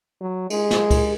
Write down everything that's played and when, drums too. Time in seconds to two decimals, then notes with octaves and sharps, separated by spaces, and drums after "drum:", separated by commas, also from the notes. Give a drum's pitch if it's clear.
0.21 F#3
0.50 G#3, drum: cymbal
0.71 drum: snare
0.91 drum: kick C#2, cymbal